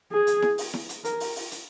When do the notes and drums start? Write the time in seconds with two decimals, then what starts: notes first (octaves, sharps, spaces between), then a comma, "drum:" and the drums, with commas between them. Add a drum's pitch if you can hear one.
0.12 G#4
0.27 drum: hi-hat
0.42 drum: snare E4
0.58 drum: open hi-hat
0.74 drum: snare E4
0.89 drum: hi-hat
1.05 A#4, drum: hi-hat
1.20 drum: open hi-hat
1.36 drum: open hi-hat
1.51 drum: hi-hat